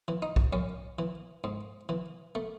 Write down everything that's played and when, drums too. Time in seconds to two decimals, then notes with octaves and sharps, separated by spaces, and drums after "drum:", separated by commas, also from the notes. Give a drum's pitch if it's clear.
0.08 E3
0.22 D#4
0.36 drum: kick B1
0.53 F#2 C#4
0.99 E3
1.44 G#2
1.89 E3
2.35 A3